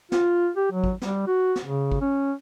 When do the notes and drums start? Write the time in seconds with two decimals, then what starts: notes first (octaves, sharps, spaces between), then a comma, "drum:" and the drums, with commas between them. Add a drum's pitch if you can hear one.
0.12 F4, drum: snare
0.57 G4
0.72 F#3
0.84 drum: kick G#1
1.02 G3, drum: snare
1.27 F#4
1.56 drum: snare
1.65 C#3
1.92 drum: kick G#1
2.01 C#4